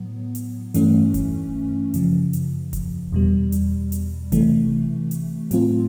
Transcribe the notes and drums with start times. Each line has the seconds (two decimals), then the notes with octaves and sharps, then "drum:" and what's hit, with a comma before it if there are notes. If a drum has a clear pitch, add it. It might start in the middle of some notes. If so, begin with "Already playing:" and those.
Already playing: A2 F#3 B3
0.35 drum: hi-hat
0.74 G2 E3 A3 C#4, drum: hi-hat
1.14 drum: kick E1, hi-hat
1.94 F#2 C#3 F3, drum: hi-hat
2.33 drum: hi-hat
2.73 drum: kick E1, hi-hat
3.12 E2 B2 G3
3.52 drum: hi-hat
3.92 drum: hi-hat
4.32 C3 E3 A3, drum: kick E1, hi-hat
5.11 drum: hi-hat
5.51 A2 F#3 A3 C4 F4, drum: hi-hat